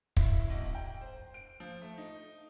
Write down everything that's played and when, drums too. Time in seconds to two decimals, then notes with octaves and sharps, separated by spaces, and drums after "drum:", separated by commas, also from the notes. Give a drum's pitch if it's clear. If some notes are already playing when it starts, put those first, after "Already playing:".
0.17 E4, drum: kick
0.33 E4
0.50 B1
0.75 G5
1.01 C5
1.34 D7
1.60 F3
1.82 A3
1.98 D#4